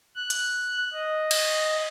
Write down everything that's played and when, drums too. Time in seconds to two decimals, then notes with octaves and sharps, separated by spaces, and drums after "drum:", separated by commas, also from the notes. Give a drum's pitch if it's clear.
0.16 F#6
0.30 drum: hi-hat
0.93 D#5
1.31 drum: cymbal